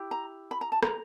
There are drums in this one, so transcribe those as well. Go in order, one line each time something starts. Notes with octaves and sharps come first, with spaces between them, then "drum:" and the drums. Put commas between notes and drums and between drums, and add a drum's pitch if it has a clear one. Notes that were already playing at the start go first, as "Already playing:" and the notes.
Already playing: E4 G4
A#5
B5
A#5
A5
A#5, drum: rim click